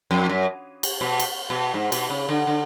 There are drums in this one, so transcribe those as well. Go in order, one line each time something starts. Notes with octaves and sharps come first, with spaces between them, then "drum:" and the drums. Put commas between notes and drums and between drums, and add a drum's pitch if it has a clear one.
F2
F#2
drum: cymbal
B2
drum: cymbal
B2
G#2
B2, drum: cymbal
C#3
D3
D3